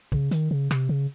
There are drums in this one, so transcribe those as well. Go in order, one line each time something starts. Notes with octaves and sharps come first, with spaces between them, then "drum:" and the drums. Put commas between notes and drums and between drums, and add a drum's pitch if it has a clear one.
C#3, drum: kick
D#3, drum: hi-hat
C#3
C3, drum: rim click
C#3